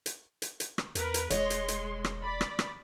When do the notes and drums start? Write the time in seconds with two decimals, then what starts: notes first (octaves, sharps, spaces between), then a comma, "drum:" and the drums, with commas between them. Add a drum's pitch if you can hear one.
0.06 drum: hi-hat
0.42 drum: hi-hat
0.60 drum: hi-hat
0.78 drum: rim click
0.95 E2 A#4 B4, drum: hi-hat
1.14 drum: hi-hat
1.30 E1 G#3 C#5 D#5 C6, drum: hi-hat
1.50 drum: hi-hat
1.68 drum: hi-hat
2.04 drum: rim click
2.23 D5 B5
2.41 drum: rim click
2.59 drum: rim click